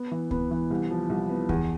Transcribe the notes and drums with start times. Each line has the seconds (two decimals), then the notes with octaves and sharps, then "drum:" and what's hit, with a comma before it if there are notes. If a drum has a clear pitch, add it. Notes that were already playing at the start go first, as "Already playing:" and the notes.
Already playing: B3
0.11 E3
0.31 B3, drum: kick C#2
0.51 E3
0.70 C2
0.91 F3
1.09 C2
1.30 B3
1.49 E2, drum: kick C#2